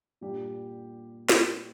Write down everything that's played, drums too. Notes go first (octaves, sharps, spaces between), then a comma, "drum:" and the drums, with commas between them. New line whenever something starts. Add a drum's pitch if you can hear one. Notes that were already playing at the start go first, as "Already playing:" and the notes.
A#2 G3 D4 G4
drum: snare